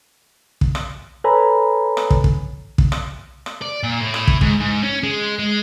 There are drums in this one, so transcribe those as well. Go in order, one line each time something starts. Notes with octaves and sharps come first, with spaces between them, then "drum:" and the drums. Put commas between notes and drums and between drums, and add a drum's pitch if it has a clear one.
drum: kick
drum: rim click
A4 B4 C#5 G#5 A#5 B5
drum: rim click
drum: kick
drum: kick
drum: kick
drum: rim click
drum: rim click
D5
A#2
A2
drum: rim click
drum: kick
G#2, drum: kick
G#2
C#4
G#3
G#3